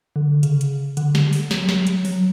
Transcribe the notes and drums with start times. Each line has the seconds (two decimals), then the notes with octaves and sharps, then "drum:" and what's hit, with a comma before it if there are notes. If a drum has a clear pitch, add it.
0.16 D3
0.43 C#3, drum: hi-hat
0.61 drum: hi-hat
0.97 D3, drum: hi-hat
1.15 drum: snare
1.33 drum: open hi-hat
1.51 F#3, drum: snare
1.69 drum: snare
1.87 drum: hi-hat
2.05 F#3, drum: open hi-hat